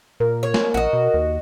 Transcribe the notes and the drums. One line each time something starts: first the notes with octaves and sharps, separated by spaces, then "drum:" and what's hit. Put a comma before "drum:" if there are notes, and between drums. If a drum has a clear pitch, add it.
A#2 A#4
C#5
drum: snare
A#1 F#4 D#5
B2
D#2